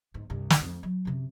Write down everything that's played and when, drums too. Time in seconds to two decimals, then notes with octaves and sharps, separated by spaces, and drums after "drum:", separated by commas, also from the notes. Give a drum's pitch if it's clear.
0.14 E2 G#2
0.30 C2 G2
0.50 drum: snare
0.61 F2 C4
0.83 F#3
1.05 F#2 C3